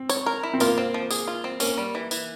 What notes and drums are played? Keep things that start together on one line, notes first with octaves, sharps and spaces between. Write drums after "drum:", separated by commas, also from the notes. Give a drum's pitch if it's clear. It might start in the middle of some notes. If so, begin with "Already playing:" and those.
Already playing: C4
C#5, drum: tambourine
A#4
E4
C4
A#3 F4, drum: tambourine
C4
F3
G#4, drum: tambourine
F4
C4
A#3 C#4, drum: tambourine
G3
E3
E3, drum: tambourine